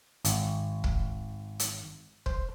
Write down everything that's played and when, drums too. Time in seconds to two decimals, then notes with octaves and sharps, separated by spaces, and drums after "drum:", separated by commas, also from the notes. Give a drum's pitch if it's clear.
0.25 G#1, drum: hi-hat
0.84 drum: kick
1.59 drum: hi-hat
2.26 C5, drum: kick